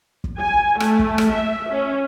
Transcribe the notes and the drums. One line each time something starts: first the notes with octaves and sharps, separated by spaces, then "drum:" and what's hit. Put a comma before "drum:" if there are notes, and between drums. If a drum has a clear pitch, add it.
drum: kick
G#5
A3, drum: rim click
drum: kick
drum: rim click
E5
C#4